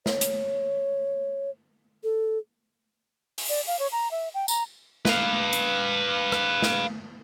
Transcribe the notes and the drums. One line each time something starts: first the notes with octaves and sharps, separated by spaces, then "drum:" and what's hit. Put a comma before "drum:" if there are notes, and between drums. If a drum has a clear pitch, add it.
C#5, drum: snare
drum: hi-hat
A4
drum: open hi-hat
D5
F5
C#5
A#5
E5
G5
A#5, drum: tambourine
B4 F5, drum: snare
drum: hi-hat
drum: rim click
drum: snare